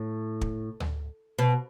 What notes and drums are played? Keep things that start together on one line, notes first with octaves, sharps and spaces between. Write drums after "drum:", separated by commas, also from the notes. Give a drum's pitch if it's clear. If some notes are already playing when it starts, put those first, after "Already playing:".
Already playing: A2
drum: kick
drum: tom D2
B2